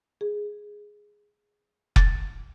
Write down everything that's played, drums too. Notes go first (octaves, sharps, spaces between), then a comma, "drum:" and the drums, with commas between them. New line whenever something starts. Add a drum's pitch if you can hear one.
G#4
A6, drum: kick F1